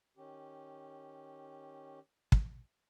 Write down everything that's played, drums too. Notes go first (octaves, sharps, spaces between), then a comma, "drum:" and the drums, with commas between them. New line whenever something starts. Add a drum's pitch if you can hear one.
D#3 C#4 G4
drum: kick